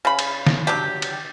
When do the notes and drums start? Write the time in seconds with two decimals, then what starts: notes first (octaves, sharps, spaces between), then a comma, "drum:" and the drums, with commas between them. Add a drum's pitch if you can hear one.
0.05 C#3 B5
0.19 drum: cymbal
0.47 drum: snare
0.67 F#3 D4 G4
1.02 drum: cymbal